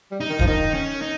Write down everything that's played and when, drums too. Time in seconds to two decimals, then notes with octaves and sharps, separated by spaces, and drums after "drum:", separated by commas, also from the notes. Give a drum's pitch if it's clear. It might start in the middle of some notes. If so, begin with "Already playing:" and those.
0.11 G3
0.20 D#4
0.30 D#3
0.39 F3, drum: kick D#1
0.47 D#3 D#4
0.74 C#4
1.02 D#4